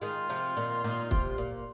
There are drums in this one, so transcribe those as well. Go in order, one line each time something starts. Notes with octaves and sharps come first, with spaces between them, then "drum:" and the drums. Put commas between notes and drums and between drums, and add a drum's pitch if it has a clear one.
D#3 G#3 F4
C3 F3
A#2 D#3
A#2 D#3
C3, drum: kick
A#2